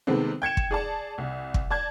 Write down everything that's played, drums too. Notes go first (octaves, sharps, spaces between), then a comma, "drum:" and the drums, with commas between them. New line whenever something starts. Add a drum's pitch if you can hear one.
C3 D#3 G#3 A3 B3 C4
G5 G#6 C#7 E7
drum: kick
G#4 D5 A5
C2
drum: kick
D5 A5 G#6